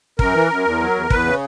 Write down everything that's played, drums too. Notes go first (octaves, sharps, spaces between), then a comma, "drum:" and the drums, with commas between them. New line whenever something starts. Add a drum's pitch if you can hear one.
F#2 A#4, drum: kick
E3
F#2
E2
F#3
E2
E2 B4, drum: kick
C#3